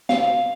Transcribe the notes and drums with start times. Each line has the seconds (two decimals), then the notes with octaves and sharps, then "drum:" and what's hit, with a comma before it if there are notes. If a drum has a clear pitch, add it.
0.09 F5, drum: snare